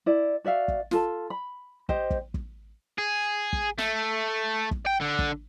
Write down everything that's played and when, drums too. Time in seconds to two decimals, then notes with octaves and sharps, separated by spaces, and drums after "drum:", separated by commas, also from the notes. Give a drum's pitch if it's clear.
0.06 E4 D5
0.45 F#4 D5 E5 F5
0.68 drum: kick
0.91 F4 A4 A5, drum: snare
1.30 B5
1.89 G4 C5 D#5, drum: kick
2.10 drum: kick
2.34 drum: kick
2.98 G#4
3.53 drum: kick
3.79 A3, drum: snare
4.71 drum: kick
4.86 G5
5.01 D3
5.19 drum: kick